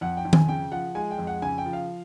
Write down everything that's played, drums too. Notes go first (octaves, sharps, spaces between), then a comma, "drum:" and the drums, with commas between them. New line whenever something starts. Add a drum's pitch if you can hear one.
F2 F#5
G5
F2
G#5, drum: tom D#3
C#3 G5
F3 F#5
G#3 G#5
G5
F2
F#5
C#3 G#5
G5
F3
F5